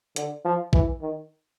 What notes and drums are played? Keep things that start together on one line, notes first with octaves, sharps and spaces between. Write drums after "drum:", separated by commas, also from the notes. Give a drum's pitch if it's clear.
D3, drum: hi-hat
F3
E3, drum: kick
D#3